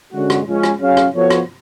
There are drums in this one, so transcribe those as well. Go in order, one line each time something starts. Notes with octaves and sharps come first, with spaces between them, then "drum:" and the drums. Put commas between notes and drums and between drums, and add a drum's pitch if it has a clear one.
D3 G#3 C#4 F#4
drum: rim click
F3 G#3 C#4
drum: rim click
F#3 C#4 G#4 C#5 F5
drum: rim click
F3 B3 F#4 A4 C#5
drum: rim click